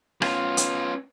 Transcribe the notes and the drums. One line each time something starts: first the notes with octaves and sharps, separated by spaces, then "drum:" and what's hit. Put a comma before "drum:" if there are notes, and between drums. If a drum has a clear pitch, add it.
B3 C#4 F4, drum: rim click
drum: hi-hat